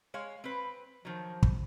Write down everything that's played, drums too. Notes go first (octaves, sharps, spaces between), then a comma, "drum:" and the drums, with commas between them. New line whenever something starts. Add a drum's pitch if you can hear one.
G#3 C#5 F5
C4 B4
D#3 F3 F#3
drum: kick